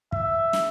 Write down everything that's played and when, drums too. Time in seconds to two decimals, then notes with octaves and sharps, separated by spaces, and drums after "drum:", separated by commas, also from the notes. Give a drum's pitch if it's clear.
0.12 E5, drum: kick
0.53 drum: snare